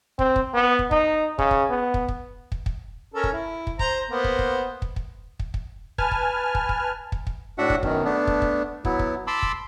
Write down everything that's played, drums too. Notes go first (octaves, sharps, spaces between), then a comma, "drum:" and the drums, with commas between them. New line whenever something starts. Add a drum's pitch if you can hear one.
C4, drum: kick
drum: kick
B3
drum: kick
D#4, drum: kick
C#3, drum: kick
drum: kick
B3
drum: kick
drum: kick
drum: kick
drum: kick
C#4 A4 A#4
drum: kick
E4
drum: kick
C5 A#5, drum: kick
A#3 B3 C5
drum: kick
drum: kick
drum: kick
drum: kick
drum: kick
drum: kick
B4 G#5 A5 F6, drum: kick
drum: kick
drum: kick
drum: kick
drum: kick
drum: kick
A2 D4 F#4 E5 F#5
drum: kick
F#2 B2 D#3, drum: kick
A3 B3 D4
drum: kick
drum: kick
F#3 B3 E4, drum: kick
drum: kick
A5 B5 C6 D6 E6
drum: kick